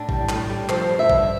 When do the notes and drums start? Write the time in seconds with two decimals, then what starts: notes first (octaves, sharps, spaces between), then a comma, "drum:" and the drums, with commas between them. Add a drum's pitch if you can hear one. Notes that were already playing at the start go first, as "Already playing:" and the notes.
Already playing: A2 D4
0.09 G3, drum: kick A#1
0.29 A2, drum: clap
0.50 G3
0.69 F3 C5, drum: clap
0.89 G2
0.99 E5
1.10 G2, drum: kick A#1